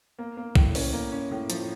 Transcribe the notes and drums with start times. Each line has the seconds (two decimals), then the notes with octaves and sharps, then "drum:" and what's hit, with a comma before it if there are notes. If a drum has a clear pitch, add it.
0.19 A#3
0.37 A#3
0.55 A2, drum: kick
0.75 C#4, drum: open hi-hat
0.93 A#3
1.12 C#4
1.31 A2
1.50 F3, drum: hi-hat